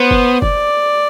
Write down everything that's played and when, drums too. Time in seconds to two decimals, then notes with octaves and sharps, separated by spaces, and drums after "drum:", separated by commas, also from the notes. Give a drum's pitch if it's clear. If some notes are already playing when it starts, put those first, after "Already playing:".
Already playing: B3 C5
0.11 drum: kick F#1
0.42 D5, drum: kick F#1